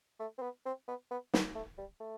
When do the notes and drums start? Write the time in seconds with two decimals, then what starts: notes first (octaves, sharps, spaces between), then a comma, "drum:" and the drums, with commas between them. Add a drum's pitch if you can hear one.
0.20 A3
0.38 C4
0.42 B3
0.66 C4
0.88 B3
1.11 B3
1.34 B3, drum: snare
1.55 A3
1.78 G3
2.00 A3